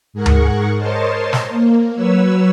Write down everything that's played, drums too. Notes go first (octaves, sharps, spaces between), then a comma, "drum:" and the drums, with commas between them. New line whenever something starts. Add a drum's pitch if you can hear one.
G#2 G#4 A#4 F#5 C#6
drum: tom D2
A#4 C5 C#5 D#5 A5 C6
drum: snare
A#3
F#3 B4 C#5 E6